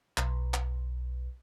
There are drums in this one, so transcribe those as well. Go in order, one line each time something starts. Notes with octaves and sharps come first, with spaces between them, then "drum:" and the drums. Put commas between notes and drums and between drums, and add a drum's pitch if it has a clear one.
B1, drum: clap
drum: clap